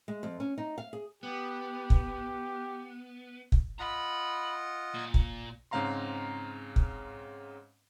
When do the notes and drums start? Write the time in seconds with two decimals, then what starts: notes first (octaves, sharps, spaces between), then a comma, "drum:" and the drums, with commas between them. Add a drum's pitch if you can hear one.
0.08 G#3
0.23 F2
0.40 C#4
0.58 D#4
0.78 F5
0.93 G#4
1.23 B3 G4
1.90 drum: kick
3.52 drum: kick
3.79 F4 D#5 F#5 A#5 B5
4.94 A#2
5.14 drum: kick
5.71 G#2 C#3 C4 F5 A#5 C6
6.76 drum: kick